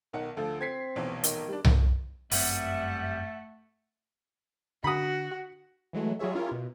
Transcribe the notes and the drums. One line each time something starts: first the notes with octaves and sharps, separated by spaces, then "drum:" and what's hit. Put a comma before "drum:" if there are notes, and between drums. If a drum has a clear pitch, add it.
B1 D#3 F#5
D2 F3 A4
C4 G#6 B6 C7
F1 B1 E3
D#3, drum: hi-hat
G3 D4
drum: tom C2
G1 F#2 G3 A3 C4 B4 E5 F#5, drum: open hi-hat
D3 F#4 B5 D#6
E3 F#3 G#3 A3
F#3 G3 F4 G#4 C#5 E5
C#4 E4 F4 G4 A#4 C#5
B2